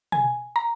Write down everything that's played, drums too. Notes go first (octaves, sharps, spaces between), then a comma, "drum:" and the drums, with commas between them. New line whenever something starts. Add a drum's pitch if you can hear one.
G#5, drum: tom B2
A#5